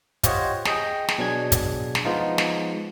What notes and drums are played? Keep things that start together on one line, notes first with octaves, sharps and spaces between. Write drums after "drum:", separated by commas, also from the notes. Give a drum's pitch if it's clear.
F4 G4 C5 C#5 D#5 F#5, drum: kick, hi-hat
G#4 D#5 G5, drum: snare
drum: snare
B2 F#3 D4 G#4 G#6
drum: kick, hi-hat
drum: snare
F3 G#3 B3 D#4 F4
drum: snare